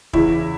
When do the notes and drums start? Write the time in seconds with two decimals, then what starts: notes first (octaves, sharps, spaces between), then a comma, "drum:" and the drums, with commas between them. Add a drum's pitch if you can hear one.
0.13 E2 C#3 E3 E4, drum: kick F1